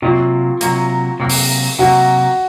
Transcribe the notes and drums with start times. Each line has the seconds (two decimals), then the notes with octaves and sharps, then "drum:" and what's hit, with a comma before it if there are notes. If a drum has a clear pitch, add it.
0.02 C3 F#3 A#3 F4
0.61 C3 F#3 A#3, drum: hi-hat
1.20 C3 F#3 A#3
1.29 drum: open hi-hat
1.79 C3 F#3 A#3 F#4